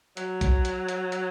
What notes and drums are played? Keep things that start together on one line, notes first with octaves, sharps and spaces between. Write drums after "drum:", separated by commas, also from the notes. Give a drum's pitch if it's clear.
F#3, drum: hi-hat
drum: kick, hi-hat
drum: hi-hat
drum: hi-hat
drum: hi-hat